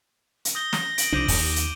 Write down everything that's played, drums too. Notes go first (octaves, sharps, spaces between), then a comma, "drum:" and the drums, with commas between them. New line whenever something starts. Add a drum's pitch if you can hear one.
drum: hi-hat
D#6 G6 A#6 G7
drum: snare
D7 F#7, drum: hi-hat
C2 F3 D4 D6 G6 D#7
D#2, drum: kick, open hi-hat
drum: hi-hat